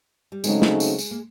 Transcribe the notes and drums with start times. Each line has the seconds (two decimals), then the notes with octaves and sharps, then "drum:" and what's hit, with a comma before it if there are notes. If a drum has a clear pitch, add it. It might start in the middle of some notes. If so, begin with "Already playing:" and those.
0.32 G3
0.44 C#3 F#3 G#3 A3 C4 D#4, drum: tambourine
0.62 drum: snare
0.80 drum: tambourine
0.98 drum: tambourine
1.11 A#3